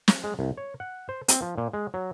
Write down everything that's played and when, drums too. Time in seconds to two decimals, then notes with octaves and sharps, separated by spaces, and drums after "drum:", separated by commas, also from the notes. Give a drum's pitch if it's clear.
0.08 drum: snare
0.24 G#3
0.39 C2
0.57 C#5
0.80 F#5
1.09 C5
1.28 C4, drum: hi-hat
1.42 F3
1.58 A#2
1.73 G#3
1.94 F#3